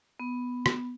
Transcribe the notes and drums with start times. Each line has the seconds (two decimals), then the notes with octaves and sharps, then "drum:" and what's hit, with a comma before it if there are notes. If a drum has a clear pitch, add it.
0.20 B3
0.66 drum: rim click